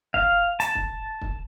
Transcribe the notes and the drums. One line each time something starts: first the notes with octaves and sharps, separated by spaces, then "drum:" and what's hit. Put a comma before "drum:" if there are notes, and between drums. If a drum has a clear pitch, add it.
F5, drum: kick
A5, drum: hi-hat
drum: kick
drum: kick